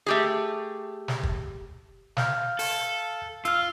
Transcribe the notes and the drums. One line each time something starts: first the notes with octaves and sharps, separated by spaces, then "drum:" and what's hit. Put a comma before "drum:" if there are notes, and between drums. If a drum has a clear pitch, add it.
A3 G4 G#4
drum: snare
drum: kick
F5 F6 G6, drum: snare
A4, drum: open hi-hat
F4 E6 F6, drum: hi-hat